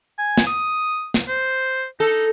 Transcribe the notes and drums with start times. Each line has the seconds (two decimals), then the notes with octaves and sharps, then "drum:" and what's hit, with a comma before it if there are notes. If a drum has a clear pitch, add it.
0.18 G#5
0.37 drum: snare
0.47 D#6
1.14 drum: snare
1.28 C5
2.00 D#4 A4